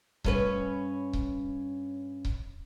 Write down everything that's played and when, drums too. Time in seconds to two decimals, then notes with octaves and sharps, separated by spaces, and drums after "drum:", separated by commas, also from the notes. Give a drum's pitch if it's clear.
0.24 G2 C#4 B4, drum: kick C#1
1.13 drum: kick C#1
2.25 drum: kick C#1